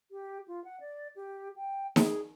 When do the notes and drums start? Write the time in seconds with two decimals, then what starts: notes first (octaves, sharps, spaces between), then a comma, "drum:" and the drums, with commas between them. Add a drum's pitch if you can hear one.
0.11 G4
0.48 F4
0.64 F#5
0.80 D5
1.16 G4
1.56 G5
1.96 G#4, drum: snare D#4